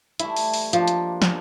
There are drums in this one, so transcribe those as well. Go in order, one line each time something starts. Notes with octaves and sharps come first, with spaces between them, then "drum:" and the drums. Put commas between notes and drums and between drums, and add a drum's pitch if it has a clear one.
E3 G3 A3 E4, drum: hi-hat
drum: open hi-hat
drum: open hi-hat
F3 A#3 D4 D#4, drum: hi-hat
drum: hi-hat
drum: snare